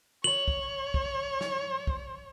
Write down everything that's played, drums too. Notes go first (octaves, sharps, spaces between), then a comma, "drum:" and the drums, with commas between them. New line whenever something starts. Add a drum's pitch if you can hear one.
C#5 F#7
drum: kick
drum: kick
drum: snare
drum: kick